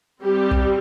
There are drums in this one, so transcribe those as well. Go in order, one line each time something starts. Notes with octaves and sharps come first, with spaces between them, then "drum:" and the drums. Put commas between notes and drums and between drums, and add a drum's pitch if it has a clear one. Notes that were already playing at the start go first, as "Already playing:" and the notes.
G3 C4 G4
drum: kick